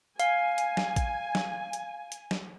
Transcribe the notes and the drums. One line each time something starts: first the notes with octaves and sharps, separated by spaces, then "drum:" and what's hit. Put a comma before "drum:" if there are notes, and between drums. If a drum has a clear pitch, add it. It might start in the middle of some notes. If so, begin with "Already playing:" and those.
F5 G#5, drum: hi-hat
drum: hi-hat
drum: snare
drum: kick A1, hi-hat
drum: snare
drum: hi-hat
drum: hi-hat
drum: snare